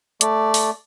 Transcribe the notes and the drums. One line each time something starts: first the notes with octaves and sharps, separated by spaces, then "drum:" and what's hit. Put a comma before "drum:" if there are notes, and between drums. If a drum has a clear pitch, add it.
A3 D5, drum: hi-hat
drum: open hi-hat